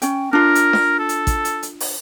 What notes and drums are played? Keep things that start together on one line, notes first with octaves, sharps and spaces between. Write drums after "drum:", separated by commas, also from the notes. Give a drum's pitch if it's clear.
C#4 G5, drum: hi-hat
D4 F4 A#4
drum: hi-hat
drum: snare D4
A4
drum: hi-hat
drum: kick, hi-hat
drum: hi-hat
drum: hi-hat
drum: open hi-hat